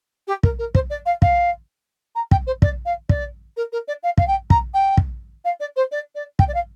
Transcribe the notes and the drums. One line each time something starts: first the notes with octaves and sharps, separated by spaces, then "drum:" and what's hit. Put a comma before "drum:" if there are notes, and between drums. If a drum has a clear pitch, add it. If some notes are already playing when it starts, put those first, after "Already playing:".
G4
A#4, drum: kick
A#4
C5, drum: kick
D5
F5
F5, drum: kick
A#5
G5, drum: kick
C5
D5, drum: kick
F5
D5, drum: kick
A#4
A#4
D5
F5
F5, drum: kick
G5
A#5, drum: kick
G5
drum: kick
F5
D5
C5
D5
D5
G5, drum: kick
D5
F5